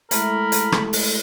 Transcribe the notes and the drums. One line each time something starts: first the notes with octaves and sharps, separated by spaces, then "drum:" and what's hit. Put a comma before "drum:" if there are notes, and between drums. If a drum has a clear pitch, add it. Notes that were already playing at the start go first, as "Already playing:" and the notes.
G#3 A3 E4 A#4 B5, drum: hi-hat
drum: hi-hat
drum: rim click
drum: open hi-hat